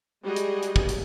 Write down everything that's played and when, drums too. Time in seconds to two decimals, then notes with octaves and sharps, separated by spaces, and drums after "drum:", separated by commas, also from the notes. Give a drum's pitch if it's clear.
0.23 G3 G#3 F#4 G#4 D#5
0.36 drum: hi-hat
0.63 drum: hi-hat
0.76 drum: kick
0.89 drum: hi-hat